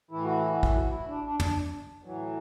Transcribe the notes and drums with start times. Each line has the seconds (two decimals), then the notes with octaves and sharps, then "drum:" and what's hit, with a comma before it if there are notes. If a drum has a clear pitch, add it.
0.11 A2 E3 E4
0.24 F#4
0.37 E4
0.50 F#4
0.63 E4, drum: kick
0.76 F#4
0.89 E4
1.08 D4
1.24 D4
1.40 D4, drum: tom
2.04 A2 E3 F#3